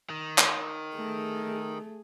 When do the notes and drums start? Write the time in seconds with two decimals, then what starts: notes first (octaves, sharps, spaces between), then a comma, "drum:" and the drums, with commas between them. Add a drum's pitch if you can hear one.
0.10 D#3
0.38 drum: clap
0.95 A3 G#4